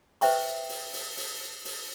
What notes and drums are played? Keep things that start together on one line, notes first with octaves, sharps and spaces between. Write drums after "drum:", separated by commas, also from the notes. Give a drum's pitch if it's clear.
B4 C5 E5 G5 C#6, drum: open hi-hat
drum: open hi-hat
drum: open hi-hat
drum: open hi-hat
drum: open hi-hat